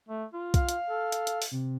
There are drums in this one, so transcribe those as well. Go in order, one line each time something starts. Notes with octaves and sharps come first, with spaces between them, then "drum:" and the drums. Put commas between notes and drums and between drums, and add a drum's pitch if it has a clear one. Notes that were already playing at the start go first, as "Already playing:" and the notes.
A3
F4
F5, drum: kick B1, hi-hat
drum: hi-hat
A4
drum: hi-hat
drum: hi-hat
drum: open hi-hat
C3